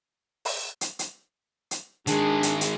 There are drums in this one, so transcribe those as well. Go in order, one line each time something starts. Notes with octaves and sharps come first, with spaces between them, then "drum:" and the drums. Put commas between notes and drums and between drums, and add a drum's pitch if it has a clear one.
drum: open hi-hat
drum: hi-hat
drum: hi-hat
drum: hi-hat
D#3 G#3 D4 G#4, drum: hi-hat
drum: hi-hat
drum: hi-hat